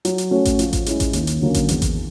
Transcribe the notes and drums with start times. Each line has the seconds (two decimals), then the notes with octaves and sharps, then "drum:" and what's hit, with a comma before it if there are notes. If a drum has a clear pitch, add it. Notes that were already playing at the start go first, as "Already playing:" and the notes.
0.05 F#3, drum: hi-hat
0.18 drum: hi-hat
0.31 A3 C#4 F#4
0.45 drum: kick A1, hi-hat
0.59 F3, drum: hi-hat
0.73 drum: kick A1, hi-hat
0.86 G#3 C#4 E4, drum: hi-hat
1.00 drum: kick A1, hi-hat
1.13 D#2, drum: hi-hat
1.27 drum: hi-hat
1.41 D3 F#3 A#3 C#4
1.54 drum: kick A1, hi-hat
1.68 E2, drum: hi-hat
1.82 drum: kick A1, hi-hat